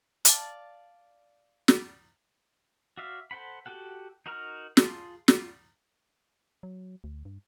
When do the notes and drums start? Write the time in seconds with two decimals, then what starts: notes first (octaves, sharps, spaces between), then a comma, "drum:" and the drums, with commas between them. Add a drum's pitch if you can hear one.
0.25 D5 F5 A5, drum: hi-hat
1.68 drum: snare
2.97 F#4 D5 E5 F5
3.31 A4 C5 F#5 B5
3.66 F#4 G4 A4 F#5
4.26 D#4 F#4 A#4 A#5 F6
4.77 F4 G#4 A5 C6, drum: snare
5.28 F4, drum: snare
6.63 F#3
7.04 D2
7.25 G2